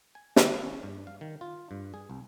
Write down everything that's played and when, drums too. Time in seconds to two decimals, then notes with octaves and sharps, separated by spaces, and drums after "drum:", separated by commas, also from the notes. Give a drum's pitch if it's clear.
0.15 G#5
0.36 D#3, drum: snare
0.51 F5
0.66 C#4
0.83 G2
1.07 F5
1.21 D#3
1.41 F4
1.71 G2
1.94 G#4
2.10 C2